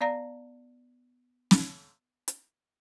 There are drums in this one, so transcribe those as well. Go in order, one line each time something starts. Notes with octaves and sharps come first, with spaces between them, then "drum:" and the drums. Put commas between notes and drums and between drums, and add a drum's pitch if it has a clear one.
B3 D5 F5 A#5 A#6
drum: snare
drum: hi-hat